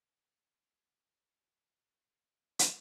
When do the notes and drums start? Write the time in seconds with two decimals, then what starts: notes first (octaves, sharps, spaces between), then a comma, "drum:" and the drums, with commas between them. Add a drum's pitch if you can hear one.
0.38 F2 A3 C5 D#6
1.00 A#3 E4
2.59 drum: hi-hat